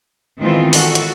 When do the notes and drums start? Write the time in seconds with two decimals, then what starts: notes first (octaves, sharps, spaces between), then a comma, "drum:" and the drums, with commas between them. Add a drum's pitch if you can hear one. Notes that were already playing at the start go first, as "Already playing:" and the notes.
0.39 D#3 E3 G#3 B3 C4 F4
0.73 F#4 A4, drum: open hi-hat
0.95 drum: hi-hat